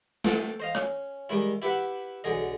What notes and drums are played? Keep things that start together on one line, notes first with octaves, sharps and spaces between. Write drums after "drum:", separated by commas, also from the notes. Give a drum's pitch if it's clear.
A4 G5, drum: snare
C5 D#5 F5
C#4, drum: rim click
D#3 G3 G#3 E4
E4 G4 B4 E5 F#5
B1 D3 G#4 D#5